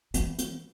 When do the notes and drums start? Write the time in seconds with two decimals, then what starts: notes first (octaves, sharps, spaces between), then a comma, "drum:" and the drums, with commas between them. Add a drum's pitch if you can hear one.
0.14 E3, drum: hi-hat
0.39 drum: hi-hat